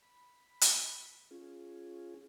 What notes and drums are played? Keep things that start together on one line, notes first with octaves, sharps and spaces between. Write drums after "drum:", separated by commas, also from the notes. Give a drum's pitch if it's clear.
B5
drum: hi-hat
C#4 F4 G#4